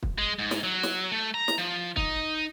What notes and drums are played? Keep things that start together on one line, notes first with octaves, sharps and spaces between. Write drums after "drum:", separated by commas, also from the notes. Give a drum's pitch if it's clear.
drum: kick
G#3
G#2
drum: snare
F#3
drum: snare
A3
A#5
drum: snare
F3
D#4, drum: kick